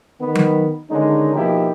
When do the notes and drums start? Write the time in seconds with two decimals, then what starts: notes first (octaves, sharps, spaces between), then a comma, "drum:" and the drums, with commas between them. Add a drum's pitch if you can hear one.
0.21 D#3 B3
0.35 drum: tom F#3
0.90 D3 D#3 G#3 C#4 D#4
1.36 B2 F3 A#3 D#4 E4 G4